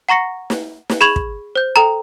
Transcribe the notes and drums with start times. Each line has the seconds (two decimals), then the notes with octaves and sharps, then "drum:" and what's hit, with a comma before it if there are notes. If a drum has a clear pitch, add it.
0.09 F#5 A#5 C#6 A#6 C#7
0.50 drum: snare
0.90 drum: snare
1.01 G#4 B5 C#6 G#6 F7 F#7
1.16 drum: kick
1.55 C5 G6
1.76 A4 G5 A#5